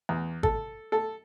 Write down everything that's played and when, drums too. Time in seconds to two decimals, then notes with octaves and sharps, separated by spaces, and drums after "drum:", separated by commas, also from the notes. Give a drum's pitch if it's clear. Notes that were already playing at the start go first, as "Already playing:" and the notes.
0.09 E2
0.43 A4, drum: kick
0.92 A4